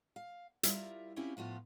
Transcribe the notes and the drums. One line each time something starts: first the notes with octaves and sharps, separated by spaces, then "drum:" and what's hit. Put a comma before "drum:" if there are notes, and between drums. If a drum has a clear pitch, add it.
F5
G3 E4 F4 A#4 E5, drum: hi-hat
C4 C#4 E4 F4 G4
A2 F3 B3 F4